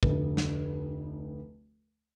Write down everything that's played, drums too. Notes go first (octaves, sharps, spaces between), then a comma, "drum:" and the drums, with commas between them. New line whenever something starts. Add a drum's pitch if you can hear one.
F1 D2, drum: kick
drum: snare